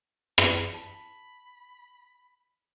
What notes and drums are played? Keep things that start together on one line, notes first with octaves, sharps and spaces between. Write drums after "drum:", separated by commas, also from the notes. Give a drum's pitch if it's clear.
drum: rim click
A5 B5